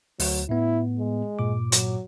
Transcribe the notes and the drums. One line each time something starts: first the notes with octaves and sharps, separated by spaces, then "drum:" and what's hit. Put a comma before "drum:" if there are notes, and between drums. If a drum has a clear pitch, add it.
D2 F#3, drum: open hi-hat
A2 B3 E4
G#3
G2 A#2 D6
F#3, drum: hi-hat